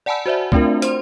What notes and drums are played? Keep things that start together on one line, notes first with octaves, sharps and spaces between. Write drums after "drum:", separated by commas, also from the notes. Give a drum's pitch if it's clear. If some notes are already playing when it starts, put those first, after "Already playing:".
D5 F#5 G#5 A5 B5 E6
F#4 C5 D5 E5
A3 C4 D4 F4 A#4, drum: kick
C5 C6, drum: hi-hat